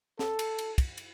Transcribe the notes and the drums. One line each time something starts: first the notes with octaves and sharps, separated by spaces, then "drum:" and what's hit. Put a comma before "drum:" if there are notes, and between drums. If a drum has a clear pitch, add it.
A4, drum: snare
drum: cymbal
drum: cymbal
drum: kick, cymbal
drum: cymbal